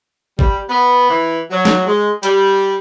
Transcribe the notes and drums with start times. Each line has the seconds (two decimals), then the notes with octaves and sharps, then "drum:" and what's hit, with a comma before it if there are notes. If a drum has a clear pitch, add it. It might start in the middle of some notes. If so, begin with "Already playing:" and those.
0.39 G3, drum: kick G#1
0.70 B3
1.10 E3
1.51 F#3
1.65 drum: snare
1.87 G#3
2.23 G3, drum: hi-hat